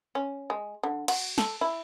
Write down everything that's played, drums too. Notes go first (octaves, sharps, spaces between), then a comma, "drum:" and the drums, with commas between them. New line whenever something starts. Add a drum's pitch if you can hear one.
C#4
G#3
D3
F#4, drum: cymbal
A4, drum: snare
E4